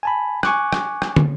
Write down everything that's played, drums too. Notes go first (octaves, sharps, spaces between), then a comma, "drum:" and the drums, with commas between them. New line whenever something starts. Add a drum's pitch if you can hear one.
G#5 A5 B5
G#5 C#6 D6 F#6, drum: rim click
drum: rim click
drum: rim click
drum: tom